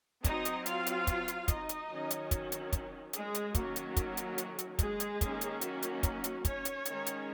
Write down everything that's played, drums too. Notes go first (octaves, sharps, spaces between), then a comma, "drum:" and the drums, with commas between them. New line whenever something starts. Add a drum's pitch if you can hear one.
F#3 C4 D#4 D#5, drum: kick, hi-hat
drum: hi-hat
F4 F5, drum: hi-hat
drum: hi-hat
drum: kick, hi-hat
drum: hi-hat
D#4 D#5, drum: kick, hi-hat
drum: hi-hat
D#3 F#3 C#4
drum: hi-hat
drum: kick, hi-hat
drum: hi-hat
drum: kick, hi-hat
G#3 G#4, drum: hi-hat
drum: hi-hat
D#3 F#3 A#3 C#4 F#4, drum: kick, hi-hat
drum: hi-hat
drum: kick, hi-hat
drum: hi-hat
drum: hi-hat
drum: hi-hat
G#3 G#4, drum: kick, hi-hat
drum: hi-hat
D#3 A#3 C#4, drum: kick, hi-hat
drum: hi-hat
F#3 F#4, drum: hi-hat
drum: hi-hat
drum: kick, hi-hat
drum: hi-hat
C#4 C#5, drum: kick, hi-hat
drum: hi-hat
D#3 G#3 C#4, drum: hi-hat
drum: hi-hat